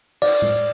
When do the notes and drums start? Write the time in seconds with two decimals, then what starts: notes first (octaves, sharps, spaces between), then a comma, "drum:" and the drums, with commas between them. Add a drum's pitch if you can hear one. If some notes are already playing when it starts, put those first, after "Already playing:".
0.22 D5, drum: cymbal
0.42 drum: tom A2